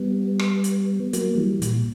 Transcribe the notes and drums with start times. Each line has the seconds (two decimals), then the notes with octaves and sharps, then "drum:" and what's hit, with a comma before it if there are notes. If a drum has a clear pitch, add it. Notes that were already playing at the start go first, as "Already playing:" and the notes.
Already playing: G3 B3
0.39 drum: rim click
0.64 drum: hi-hat
1.13 F#3 A#3, drum: hi-hat
1.37 E3 G3
1.62 A#2, drum: hi-hat